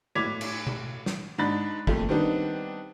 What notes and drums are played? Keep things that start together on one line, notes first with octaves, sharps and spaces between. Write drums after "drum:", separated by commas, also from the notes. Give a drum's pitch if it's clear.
B1 A2 D6 G#6 B6 F7
drum: cymbal
drum: tom B2
drum: snare
G#2 D4 D#4 B5 A6
F2 A#2 A3, drum: kick
D#3 G3 B3 C4 D4 D#4